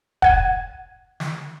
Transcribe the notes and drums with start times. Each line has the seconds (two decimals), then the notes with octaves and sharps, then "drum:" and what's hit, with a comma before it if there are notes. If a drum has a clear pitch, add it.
0.22 F#5 G#6 D#7, drum: kick
1.20 drum: snare